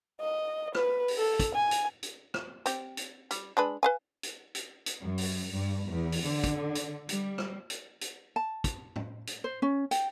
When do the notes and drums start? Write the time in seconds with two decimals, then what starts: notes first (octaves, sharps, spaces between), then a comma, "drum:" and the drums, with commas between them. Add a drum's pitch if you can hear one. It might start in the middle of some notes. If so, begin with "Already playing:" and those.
0.20 D#5
0.75 B4, drum: rim click
1.08 drum: open hi-hat
1.18 A4
1.40 drum: kick, hi-hat
1.55 G#5
1.71 drum: hi-hat
2.03 drum: hi-hat
2.34 drum: rim click
2.66 C4 G4, drum: hi-hat
2.97 drum: hi-hat
3.31 G3, drum: hi-hat
3.57 G#3 D4 B4
3.83 B4 F5 G#5
4.23 drum: hi-hat
4.55 drum: hi-hat
4.86 drum: hi-hat
5.01 F#2
5.18 drum: open hi-hat
5.52 G2
5.89 E2
6.12 drum: open hi-hat
6.25 D3
6.44 drum: kick, hi-hat
6.75 drum: hi-hat
7.09 G3, drum: hi-hat
7.38 drum: rim click
7.70 drum: hi-hat
8.01 drum: hi-hat
8.36 A5
8.64 drum: kick, hi-hat
8.96 drum: tom
9.27 drum: hi-hat
9.44 C5
9.62 C#4
9.91 G5, drum: hi-hat